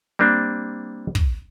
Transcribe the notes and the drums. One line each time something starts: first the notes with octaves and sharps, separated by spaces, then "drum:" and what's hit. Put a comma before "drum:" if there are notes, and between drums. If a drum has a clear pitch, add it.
G3 A#3 C4 D4
drum: kick